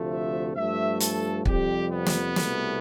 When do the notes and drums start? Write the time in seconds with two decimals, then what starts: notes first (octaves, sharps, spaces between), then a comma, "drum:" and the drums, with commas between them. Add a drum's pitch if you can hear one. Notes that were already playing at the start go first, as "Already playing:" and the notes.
Already playing: D2 C3 F3 A3
0.10 E5
0.55 G2 F3 A3 E5
1.00 A4, drum: hi-hat
1.45 F2 C3 G3 G4, drum: kick
1.91 B3
2.06 drum: snare
2.36 C2 B2 A3, drum: snare